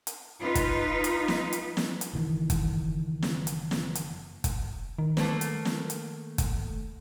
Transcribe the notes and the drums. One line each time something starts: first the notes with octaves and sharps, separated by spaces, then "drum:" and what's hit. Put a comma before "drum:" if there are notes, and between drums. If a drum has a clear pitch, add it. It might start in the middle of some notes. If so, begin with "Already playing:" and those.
drum: hi-hat
D#4 F4 B4
drum: kick, hi-hat
drum: hi-hat
drum: snare
drum: hi-hat
drum: snare
drum: hi-hat
F#1 D#3 E3
drum: kick, hi-hat
drum: snare
drum: hi-hat
drum: snare
drum: hi-hat
drum: kick, hi-hat
D#3
A3 A#3 B4, drum: snare
drum: hi-hat
drum: snare
drum: hi-hat
drum: kick, hi-hat